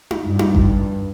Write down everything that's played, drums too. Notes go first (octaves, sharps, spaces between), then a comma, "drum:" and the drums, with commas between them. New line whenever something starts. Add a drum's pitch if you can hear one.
drum: tom D#4
G2
drum: tom D#4
drum: kick G#1